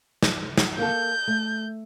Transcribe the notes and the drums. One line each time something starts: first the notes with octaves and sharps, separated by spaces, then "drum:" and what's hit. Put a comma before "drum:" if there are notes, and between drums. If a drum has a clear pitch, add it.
drum: snare
drum: snare
A#3 A4 G6
A3